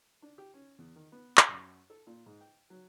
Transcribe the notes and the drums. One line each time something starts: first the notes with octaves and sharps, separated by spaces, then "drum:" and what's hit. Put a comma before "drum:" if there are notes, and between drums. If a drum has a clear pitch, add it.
D4
G4
C#4
E2
D#3
B3
drum: clap
F#2
A4
A#2
G#2
G5
F#3